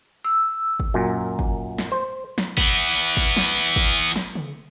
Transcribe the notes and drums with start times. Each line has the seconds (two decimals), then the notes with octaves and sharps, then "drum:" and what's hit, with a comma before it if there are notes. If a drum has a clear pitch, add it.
0.25 E6
0.80 drum: kick
0.94 F#2 A#2
1.39 drum: kick
1.78 drum: snare
1.92 C5
2.38 drum: snare
2.58 E3 B3, drum: kick
3.17 drum: kick
3.37 drum: snare
3.76 drum: kick
4.16 drum: snare
4.35 drum: tom C#3